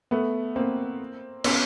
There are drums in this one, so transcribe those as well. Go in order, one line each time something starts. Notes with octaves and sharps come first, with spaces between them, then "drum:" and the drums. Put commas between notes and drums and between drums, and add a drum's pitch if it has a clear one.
A3 B3
A#3 C4
B3 C#4, drum: cymbal